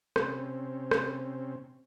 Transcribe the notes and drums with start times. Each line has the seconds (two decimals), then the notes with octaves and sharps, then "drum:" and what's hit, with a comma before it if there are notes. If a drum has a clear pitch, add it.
0.16 C3 C4 C#4, drum: rim click
0.91 drum: rim click